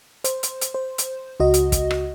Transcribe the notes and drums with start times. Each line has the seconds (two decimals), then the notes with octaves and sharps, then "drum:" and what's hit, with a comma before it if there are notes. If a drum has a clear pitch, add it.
0.24 C5, drum: hi-hat
0.43 drum: hi-hat
0.61 drum: hi-hat
0.74 C5
0.98 drum: hi-hat
1.40 C#2 F#4 D#5
1.54 drum: hi-hat
1.72 drum: kick, hi-hat
1.91 drum: rim click